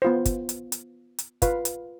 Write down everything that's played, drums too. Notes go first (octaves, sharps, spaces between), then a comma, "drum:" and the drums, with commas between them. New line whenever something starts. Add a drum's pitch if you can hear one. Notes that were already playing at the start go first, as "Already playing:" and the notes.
B3 F4 C5
drum: kick, hi-hat
drum: hi-hat
drum: hi-hat
drum: hi-hat
F4 B4 F5, drum: kick, hi-hat
drum: hi-hat